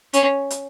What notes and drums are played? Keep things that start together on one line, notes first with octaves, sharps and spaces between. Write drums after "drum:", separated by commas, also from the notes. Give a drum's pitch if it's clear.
C#4, drum: hi-hat
drum: hi-hat